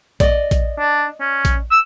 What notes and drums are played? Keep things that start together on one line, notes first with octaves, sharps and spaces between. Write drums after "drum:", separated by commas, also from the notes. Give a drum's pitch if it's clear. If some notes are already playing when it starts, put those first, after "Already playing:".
D5 D#5, drum: kick A#1, hi-hat
drum: kick A#1, hi-hat
D4
C#4
drum: kick A#1, hi-hat
E6